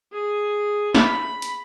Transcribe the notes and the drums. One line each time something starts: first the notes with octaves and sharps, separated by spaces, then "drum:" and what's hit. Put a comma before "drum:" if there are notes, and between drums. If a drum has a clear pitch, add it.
G#4
B5, drum: snare
drum: hi-hat